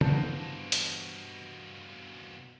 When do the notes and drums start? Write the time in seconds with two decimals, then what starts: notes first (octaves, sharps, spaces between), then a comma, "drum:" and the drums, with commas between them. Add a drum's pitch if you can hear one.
0.01 G2 B2 E3 A#3 B3 C5 A5, drum: tom
0.72 drum: hi-hat